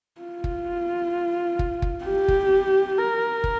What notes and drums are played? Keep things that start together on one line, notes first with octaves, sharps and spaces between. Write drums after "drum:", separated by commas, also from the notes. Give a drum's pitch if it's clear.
F4
drum: kick
drum: kick
drum: kick
G4
drum: kick
A#4
drum: kick